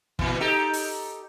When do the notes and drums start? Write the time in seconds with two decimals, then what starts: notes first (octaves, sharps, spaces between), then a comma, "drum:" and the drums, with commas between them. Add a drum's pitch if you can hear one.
0.19 A#2 E3, drum: kick
0.40 D#4 G4 A4
0.74 drum: open hi-hat